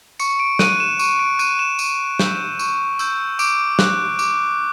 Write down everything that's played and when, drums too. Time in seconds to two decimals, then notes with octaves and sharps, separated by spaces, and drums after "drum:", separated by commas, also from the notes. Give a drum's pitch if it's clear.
0.20 C#6 C#7, drum: tambourine
0.40 D7
0.59 F#6 D#7, drum: snare
0.80 E7
0.99 C#6 D#7, drum: tambourine
1.19 D7
1.39 F#6 D#7, drum: tambourine
1.59 E7
1.79 C#6 D#7, drum: tambourine
2.19 E6 G6, drum: snare
2.59 C#6, drum: tambourine
2.99 E6 G6, drum: tambourine
3.39 D6 D7, drum: tambourine
3.79 F#6, drum: snare
4.19 D6, drum: tambourine